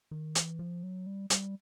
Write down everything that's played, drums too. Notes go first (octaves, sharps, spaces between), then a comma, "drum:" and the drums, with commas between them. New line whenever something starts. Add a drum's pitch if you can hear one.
D#3
E3, drum: hi-hat
F3
F#3
G3
G3, drum: hi-hat